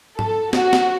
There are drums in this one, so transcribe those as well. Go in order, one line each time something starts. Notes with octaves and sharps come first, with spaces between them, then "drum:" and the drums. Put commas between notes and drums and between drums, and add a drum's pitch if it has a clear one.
A4, drum: tom
F#4, drum: snare
drum: snare